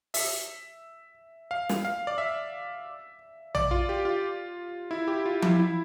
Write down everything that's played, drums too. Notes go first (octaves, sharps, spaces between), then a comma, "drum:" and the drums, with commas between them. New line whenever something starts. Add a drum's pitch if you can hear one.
E5, drum: open hi-hat
F5
drum: snare
F5
D5
E5
D5, drum: tom A#1
F4
G4
F4
E4
G4
F4
E4, drum: tom F3
E4